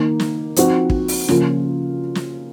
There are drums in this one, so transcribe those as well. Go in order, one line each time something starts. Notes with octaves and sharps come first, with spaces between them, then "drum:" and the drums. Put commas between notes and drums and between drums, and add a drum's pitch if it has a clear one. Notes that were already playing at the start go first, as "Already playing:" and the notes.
Already playing: D#3 A#3 D#4
drum: snare
F3 C4 D#4 F#4, drum: hi-hat
drum: kick
drum: open hi-hat
C#3 F3 A#3 F4, drum: snare
drum: snare